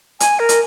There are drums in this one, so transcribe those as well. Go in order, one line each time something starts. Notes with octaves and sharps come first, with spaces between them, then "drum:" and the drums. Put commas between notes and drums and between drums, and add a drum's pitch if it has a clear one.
G#5, drum: hi-hat
A#4
drum: hi-hat